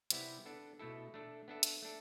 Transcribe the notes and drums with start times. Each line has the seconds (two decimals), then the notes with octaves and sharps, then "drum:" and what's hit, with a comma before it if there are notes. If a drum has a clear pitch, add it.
0.10 C3 G3 B3 E4, drum: hi-hat
0.45 B3 D4 A4
0.79 B2 A3 E4 A4
1.14 A3 D4 A4
1.48 B3 D4 A4 E5
1.63 drum: hi-hat
1.82 A3 D4 A4